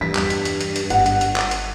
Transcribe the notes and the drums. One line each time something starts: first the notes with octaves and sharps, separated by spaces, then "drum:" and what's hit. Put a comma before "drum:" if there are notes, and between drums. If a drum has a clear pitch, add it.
G2 E3 B6
E2 G3, drum: clap
drum: hi-hat
drum: hi-hat
drum: hi-hat
drum: hi-hat
G1 F#5, drum: hi-hat
drum: hi-hat
drum: hi-hat
drum: clap
drum: hi-hat